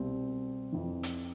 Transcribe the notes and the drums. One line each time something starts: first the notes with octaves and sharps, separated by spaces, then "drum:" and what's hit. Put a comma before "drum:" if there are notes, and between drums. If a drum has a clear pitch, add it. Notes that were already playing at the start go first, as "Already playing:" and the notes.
Already playing: C2 B2 C4
F2 E3
drum: hi-hat